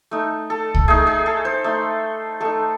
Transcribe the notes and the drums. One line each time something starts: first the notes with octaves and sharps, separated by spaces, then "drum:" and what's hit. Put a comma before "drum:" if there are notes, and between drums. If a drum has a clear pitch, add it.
A3 D#4
A4
drum: kick C2
A3 D#4 G#4
G#4
A4
C5
A3 D#4
A3 D#4 A4